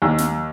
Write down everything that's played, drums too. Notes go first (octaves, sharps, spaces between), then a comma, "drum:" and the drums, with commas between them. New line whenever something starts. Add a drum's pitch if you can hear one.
D#2
drum: snare